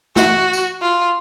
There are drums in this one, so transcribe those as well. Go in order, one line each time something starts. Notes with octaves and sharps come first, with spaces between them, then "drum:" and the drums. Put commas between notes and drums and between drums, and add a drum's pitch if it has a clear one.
F#4, drum: snare
drum: tambourine
F4